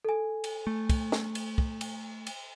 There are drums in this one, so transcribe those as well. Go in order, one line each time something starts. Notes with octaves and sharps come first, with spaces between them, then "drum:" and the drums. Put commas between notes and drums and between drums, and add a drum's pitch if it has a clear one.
A4 G#5
drum: cymbal
A3
drum: kick, cymbal
drum: snare
drum: cymbal
drum: kick
drum: cymbal
drum: cymbal